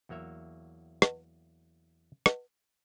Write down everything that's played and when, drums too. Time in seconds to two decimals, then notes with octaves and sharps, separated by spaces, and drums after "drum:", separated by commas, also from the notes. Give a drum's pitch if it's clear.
0.09 E2 F#3 A#3 C#5 E5
1.02 drum: rim click
2.26 drum: rim click